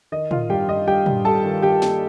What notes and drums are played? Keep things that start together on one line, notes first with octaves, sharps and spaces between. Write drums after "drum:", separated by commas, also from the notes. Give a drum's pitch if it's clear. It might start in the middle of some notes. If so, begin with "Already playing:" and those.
D#3 D#5
D#3 F4 F5, drum: tom
G2 G4 G5
G2 D#5
G2 G4 G5
G2, drum: tom
G3 A4 A5
D#3
D#3 G4 G5
A#3, drum: snare